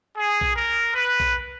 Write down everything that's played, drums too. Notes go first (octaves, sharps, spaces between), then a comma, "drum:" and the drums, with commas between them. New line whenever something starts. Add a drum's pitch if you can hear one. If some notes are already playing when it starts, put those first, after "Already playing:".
G#4
drum: kick
A#4
B4
drum: kick